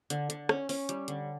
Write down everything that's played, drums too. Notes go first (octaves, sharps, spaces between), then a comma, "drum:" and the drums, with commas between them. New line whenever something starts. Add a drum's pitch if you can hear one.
D3, drum: hi-hat
D3, drum: hi-hat
C#4, drum: rim click
C#4, drum: open hi-hat
G3, drum: hi-hat
D3, drum: hi-hat